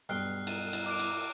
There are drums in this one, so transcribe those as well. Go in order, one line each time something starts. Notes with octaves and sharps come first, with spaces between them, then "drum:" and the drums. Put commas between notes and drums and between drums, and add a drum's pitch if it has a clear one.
B1 G2 G5 F6 F#6 C7
drum: cymbal
drum: cymbal
D6 F#6 D7
drum: cymbal